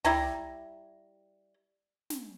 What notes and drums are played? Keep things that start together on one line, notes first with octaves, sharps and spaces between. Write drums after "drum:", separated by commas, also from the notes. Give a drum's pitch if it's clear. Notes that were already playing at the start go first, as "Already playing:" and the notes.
G3 E4 A#5, drum: tom
drum: snare